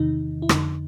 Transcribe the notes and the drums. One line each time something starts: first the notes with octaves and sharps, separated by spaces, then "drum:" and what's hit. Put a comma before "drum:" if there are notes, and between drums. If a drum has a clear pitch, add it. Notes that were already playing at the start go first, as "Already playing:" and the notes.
Already playing: E2 C3 D#3 D#4
E4
F2 D3 D#4, drum: rim click